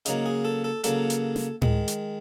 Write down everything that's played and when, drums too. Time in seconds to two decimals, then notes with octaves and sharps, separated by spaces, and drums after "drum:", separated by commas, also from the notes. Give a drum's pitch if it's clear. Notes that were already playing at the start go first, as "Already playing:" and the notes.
0.06 C#3 F#3 A#3 D#4, drum: hi-hat
0.26 G#4
0.45 A4
0.64 A4
0.84 C#3 F#3 A#3 A4, drum: hi-hat
1.10 drum: hi-hat
1.36 drum: snare
1.62 D#3 G#3, drum: tom A2
1.88 drum: hi-hat